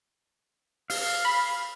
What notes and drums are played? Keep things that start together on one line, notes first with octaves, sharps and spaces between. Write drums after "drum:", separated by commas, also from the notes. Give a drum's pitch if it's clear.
F5, drum: open hi-hat
B5